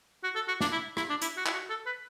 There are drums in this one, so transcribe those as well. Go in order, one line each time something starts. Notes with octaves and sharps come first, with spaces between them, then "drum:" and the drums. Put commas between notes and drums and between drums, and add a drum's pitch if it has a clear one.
F#4
A4
F#4
D4, drum: snare
E4
E4, drum: rim click
D4
E4, drum: hi-hat
F#4
E4, drum: clap
F#4
A4
B4